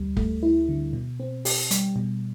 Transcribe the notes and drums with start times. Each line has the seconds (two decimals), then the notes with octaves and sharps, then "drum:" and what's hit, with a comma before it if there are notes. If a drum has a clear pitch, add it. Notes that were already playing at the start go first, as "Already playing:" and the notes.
Already playing: D2 G3
0.17 A3, drum: kick
0.43 E4
0.69 D3
0.93 B2
1.20 C4
1.45 G4, drum: open hi-hat
1.71 G3, drum: hi-hat
1.96 B2